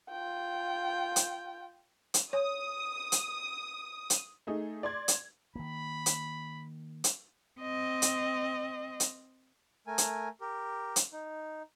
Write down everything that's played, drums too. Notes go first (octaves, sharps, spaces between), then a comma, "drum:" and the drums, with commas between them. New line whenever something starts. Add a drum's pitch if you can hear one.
F4 G5
drum: hi-hat
drum: hi-hat
C#5 D#6
drum: hi-hat
drum: hi-hat
A3 D#4 G#4
D5 C6 G#6
drum: hi-hat
D#3 A#3 B5
drum: hi-hat
drum: hi-hat
C4 D#5
drum: hi-hat
drum: hi-hat
A3 A#4 G#5
drum: hi-hat
G4 A#4
drum: hi-hat
D#4